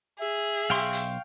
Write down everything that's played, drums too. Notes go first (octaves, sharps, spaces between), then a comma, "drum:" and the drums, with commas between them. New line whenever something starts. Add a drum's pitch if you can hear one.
G#4 E5
B1 F5 G5 C6 C#6, drum: open hi-hat
drum: hi-hat